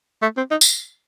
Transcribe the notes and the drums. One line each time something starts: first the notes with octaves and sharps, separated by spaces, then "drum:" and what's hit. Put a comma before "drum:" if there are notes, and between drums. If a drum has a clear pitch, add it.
A3
C4
D#4
drum: tambourine